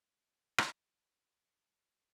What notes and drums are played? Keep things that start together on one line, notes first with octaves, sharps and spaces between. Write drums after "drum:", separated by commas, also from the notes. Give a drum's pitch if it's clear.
C#5 A6
drum: rim click
A#4 F#6 G6 A#6